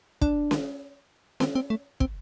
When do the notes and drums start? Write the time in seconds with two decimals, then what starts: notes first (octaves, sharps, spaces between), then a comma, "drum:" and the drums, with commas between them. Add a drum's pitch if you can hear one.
0.22 D4, drum: kick
0.51 drum: snare C#4
1.40 C4, drum: snare C#4
1.55 C4
1.70 A3
2.00 C4, drum: kick